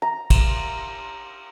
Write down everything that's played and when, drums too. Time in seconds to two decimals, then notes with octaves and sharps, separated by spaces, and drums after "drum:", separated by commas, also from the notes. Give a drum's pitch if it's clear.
0.02 A#5
0.30 drum: kick, cymbal